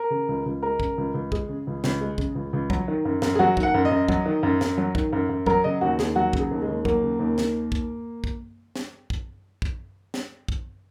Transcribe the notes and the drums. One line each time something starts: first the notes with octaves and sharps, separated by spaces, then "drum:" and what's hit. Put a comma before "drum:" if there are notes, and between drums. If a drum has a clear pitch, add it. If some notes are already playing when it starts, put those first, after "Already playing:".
Already playing: A#4
C#3
C#2
C#2
G#3 A#4
C#3, drum: kick
C#2
C#2
G#3 G#4, drum: kick
C#3
C#2
C#2, drum: snare
G#3
C#3, drum: kick
C#2
C#2
F#3, drum: kick
D#3
F#2
F#2, drum: snare
G#4
F#3 F#4
D#3, drum: kick
F#5
F#2
D#5
F#2
F#3, drum: kick
D#3
F#2
F#2, drum: snare
F#3
D#3, drum: kick
F#2
F#2
F#3 A#4, drum: kick
C#3 D#5
D#2 F#4
D#2 G#4, drum: snare
F#3 F#4
C#3, drum: kick
G#4
D#2
G#3
D#2
F#3 A#3, drum: kick
C#3
D#2
D#2, drum: snare
drum: kick
drum: kick
drum: snare
drum: kick
drum: kick
drum: snare
drum: kick